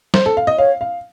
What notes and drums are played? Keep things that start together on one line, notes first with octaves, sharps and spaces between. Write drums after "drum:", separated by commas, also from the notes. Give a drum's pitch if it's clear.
C5, drum: snare
A4
F5
D#5
C#5 F5
F5